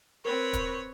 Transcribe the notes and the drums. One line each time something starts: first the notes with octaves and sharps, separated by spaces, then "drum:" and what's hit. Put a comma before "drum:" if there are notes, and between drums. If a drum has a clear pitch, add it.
C4 A#4 B4 C#5
drum: kick, hi-hat